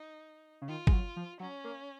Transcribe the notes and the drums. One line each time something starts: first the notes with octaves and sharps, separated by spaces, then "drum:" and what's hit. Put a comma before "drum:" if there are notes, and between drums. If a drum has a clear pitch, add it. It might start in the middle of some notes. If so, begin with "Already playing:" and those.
Already playing: D#4
C#3
D#3 F4
G#3, drum: kick
F#3
F3
F#3 C#4
A#3